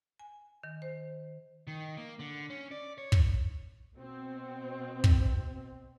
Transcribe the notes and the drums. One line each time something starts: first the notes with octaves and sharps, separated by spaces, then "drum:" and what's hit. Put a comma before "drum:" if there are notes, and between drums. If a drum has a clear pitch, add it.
G#5
D#3
C5
D#3
A#3
D3
C#4
D5
C#5
drum: kick
B2 C4
drum: kick